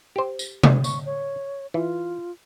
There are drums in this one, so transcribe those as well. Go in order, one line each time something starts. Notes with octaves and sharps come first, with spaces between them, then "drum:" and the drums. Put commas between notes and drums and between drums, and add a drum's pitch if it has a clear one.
G4 C5
drum: tambourine
drum: tom C3
C#6, drum: tambourine
C#5
E3 F4